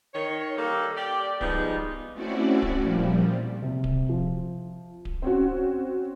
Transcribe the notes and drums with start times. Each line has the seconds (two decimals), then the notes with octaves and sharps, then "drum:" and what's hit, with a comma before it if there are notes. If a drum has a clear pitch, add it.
0.14 D#3 C#5
0.57 G3 A#3 A4
0.97 G4 D5
1.41 F3 G3 G#3 B3 D#4, drum: kick D1
2.13 A3 C4 C#4 E4 F#4 D5
2.62 drum: kick D1
2.80 A#2 F3 G3
3.62 C3
3.84 drum: kick D1
4.09 F3
5.05 drum: kick D1
5.22 C4 C#4 F#4